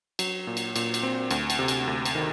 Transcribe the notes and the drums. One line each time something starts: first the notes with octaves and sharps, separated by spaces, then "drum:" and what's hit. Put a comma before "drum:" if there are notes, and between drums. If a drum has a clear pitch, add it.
F#3, drum: cymbal
A#2
drum: cymbal
A#2, drum: cymbal
drum: cymbal
C4
D2, drum: cymbal
drum: cymbal
C3
drum: cymbal
D2
drum: cymbal
D#3